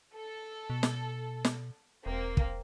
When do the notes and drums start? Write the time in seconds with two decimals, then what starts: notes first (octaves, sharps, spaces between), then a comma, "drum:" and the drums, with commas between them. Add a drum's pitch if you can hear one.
0.16 A4
0.70 B2
0.83 drum: snare
1.45 drum: snare
2.06 E1 A#3 C4
2.37 drum: kick